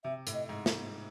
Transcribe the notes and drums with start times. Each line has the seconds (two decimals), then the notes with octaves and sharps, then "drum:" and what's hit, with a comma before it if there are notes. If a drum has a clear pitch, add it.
0.04 C3 E5
0.27 A2, drum: hi-hat
0.34 D#5
0.49 G#2
0.66 drum: snare